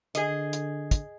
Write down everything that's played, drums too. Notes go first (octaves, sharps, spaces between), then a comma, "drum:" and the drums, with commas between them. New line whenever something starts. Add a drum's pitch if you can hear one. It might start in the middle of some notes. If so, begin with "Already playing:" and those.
D3 G#4 D#5, drum: hi-hat
drum: hi-hat
drum: kick, hi-hat